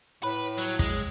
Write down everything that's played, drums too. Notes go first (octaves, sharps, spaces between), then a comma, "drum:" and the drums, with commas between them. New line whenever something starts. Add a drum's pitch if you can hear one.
A2 B4
F#3
G#3, drum: kick